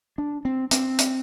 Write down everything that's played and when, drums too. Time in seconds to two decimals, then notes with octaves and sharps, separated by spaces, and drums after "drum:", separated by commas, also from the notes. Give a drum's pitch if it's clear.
0.18 D4
0.45 C4
0.71 C4, drum: hi-hat
0.99 drum: hi-hat